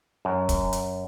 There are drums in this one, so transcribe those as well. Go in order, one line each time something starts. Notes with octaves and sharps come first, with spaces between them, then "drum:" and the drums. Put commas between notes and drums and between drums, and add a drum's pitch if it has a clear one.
F#2
drum: kick, hi-hat
drum: hi-hat